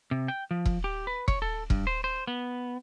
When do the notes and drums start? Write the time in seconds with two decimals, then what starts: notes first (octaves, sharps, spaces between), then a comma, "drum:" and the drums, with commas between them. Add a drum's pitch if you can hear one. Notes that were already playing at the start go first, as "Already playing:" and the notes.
0.11 C3
0.28 G5
0.51 F3
0.65 drum: kick E1
0.84 G4
1.07 B4
1.28 C#5, drum: kick E1
1.42 A4
1.70 G2, drum: kick E1
1.87 C5
2.04 C5
2.28 B3